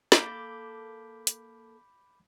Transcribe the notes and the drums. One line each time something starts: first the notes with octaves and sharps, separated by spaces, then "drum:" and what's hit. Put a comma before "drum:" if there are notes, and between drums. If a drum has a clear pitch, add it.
A#3 A4 B5 D6 G6, drum: snare
drum: hi-hat